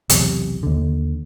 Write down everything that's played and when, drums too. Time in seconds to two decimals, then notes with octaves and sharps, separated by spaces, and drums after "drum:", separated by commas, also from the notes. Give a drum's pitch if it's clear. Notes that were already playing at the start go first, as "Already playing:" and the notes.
0.09 B1 E2 C3, drum: hi-hat
0.63 D#2 D3